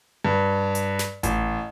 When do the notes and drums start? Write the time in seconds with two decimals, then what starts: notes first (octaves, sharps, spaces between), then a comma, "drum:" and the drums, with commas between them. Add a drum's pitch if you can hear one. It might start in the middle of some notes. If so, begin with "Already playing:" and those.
0.25 G2
0.75 drum: hi-hat
0.99 drum: snare
1.23 A1, drum: kick G#1, hi-hat